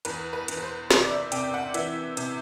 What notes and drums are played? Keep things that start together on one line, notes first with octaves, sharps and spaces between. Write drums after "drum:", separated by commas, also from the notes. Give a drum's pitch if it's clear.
E2 B4, drum: hi-hat
B4
E2, drum: hi-hat
B4
C5
C3, drum: snare
D5
E5
C3 G5, drum: hi-hat
F#5
E3 E5, drum: hi-hat
C3, drum: hi-hat